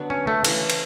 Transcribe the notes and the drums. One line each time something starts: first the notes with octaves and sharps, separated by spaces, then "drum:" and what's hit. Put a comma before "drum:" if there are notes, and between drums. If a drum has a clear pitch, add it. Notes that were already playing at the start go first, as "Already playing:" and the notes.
Already playing: D3 F#3 B3 D4
C#4
A3
C#3 E3 A3, drum: cymbal
drum: cymbal